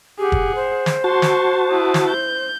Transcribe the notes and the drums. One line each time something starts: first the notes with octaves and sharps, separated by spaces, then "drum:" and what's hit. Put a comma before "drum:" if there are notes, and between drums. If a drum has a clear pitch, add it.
G4 G#4 F#5
drum: kick
C5
drum: snare
F#4 A5 C6 C#6
drum: snare
E4 D#6
drum: snare
G6